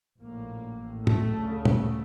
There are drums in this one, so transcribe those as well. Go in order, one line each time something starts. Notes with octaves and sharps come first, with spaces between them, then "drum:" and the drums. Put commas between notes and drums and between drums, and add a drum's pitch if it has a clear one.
A#1 A2 A#3
A1 A2
A3, drum: tom
D2 C#3
A3, drum: tom